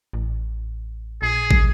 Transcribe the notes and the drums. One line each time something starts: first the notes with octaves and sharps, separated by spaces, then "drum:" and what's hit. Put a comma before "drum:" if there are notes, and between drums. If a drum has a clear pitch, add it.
A1
A#1 G#4
drum: kick